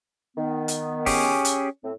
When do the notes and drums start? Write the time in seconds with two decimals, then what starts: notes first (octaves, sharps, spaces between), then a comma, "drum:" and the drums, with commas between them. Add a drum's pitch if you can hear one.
0.37 D#3 B3
0.68 drum: hi-hat
1.06 C#4 G4 G#4, drum: kick, open hi-hat
1.45 drum: hi-hat
1.84 A2 C4